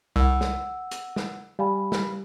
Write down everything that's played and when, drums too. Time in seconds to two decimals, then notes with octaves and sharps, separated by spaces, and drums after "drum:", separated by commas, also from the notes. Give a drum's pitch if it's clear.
0.16 C2 F#5 E6
0.41 drum: snare
0.91 drum: hi-hat
1.16 drum: snare
1.59 G3 F5 G#5 B5
1.92 drum: snare